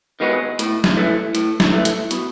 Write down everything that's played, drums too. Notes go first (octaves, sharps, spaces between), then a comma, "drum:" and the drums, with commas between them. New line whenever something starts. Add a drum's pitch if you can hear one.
D#3 G#3 B3 F#4
A2, drum: hi-hat
drum: snare
E3 A3
A2, drum: hi-hat
drum: snare
E3 A3
drum: hi-hat
B2, drum: hi-hat